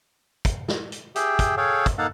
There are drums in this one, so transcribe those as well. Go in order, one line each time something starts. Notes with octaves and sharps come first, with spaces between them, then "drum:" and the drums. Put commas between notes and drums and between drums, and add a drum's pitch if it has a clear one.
drum: kick, hi-hat
drum: snare
drum: hi-hat
G4 G#4 E5 G5, drum: hi-hat
drum: kick, hi-hat
G#4 A4 C#5 F5 G5
drum: kick, hi-hat
A#3 D#4 A4 F5 F#5 A5